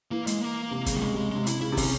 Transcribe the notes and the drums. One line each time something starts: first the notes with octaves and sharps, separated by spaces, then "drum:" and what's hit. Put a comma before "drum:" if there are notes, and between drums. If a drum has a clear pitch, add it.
E3 A#3
G#3, drum: hi-hat
A#3
C3
C#3, drum: kick, hi-hat
G3
C#3 G#3
C3 G#3
C3 G#3
E4, drum: hi-hat
C#3 E4
C3
C#3 C#4, drum: kick, open hi-hat